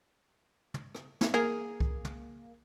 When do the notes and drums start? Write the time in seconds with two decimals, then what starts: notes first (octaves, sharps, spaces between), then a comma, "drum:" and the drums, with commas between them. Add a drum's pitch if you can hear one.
0.74 drum: tom
0.95 drum: rim click
1.21 drum: snare
1.34 A#3 G#4
1.80 drum: kick C2
2.05 drum: tom